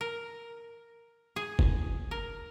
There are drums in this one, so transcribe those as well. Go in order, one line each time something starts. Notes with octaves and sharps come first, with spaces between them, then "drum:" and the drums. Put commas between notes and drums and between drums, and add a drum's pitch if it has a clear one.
A#4
G#4
drum: kick F#1
A#4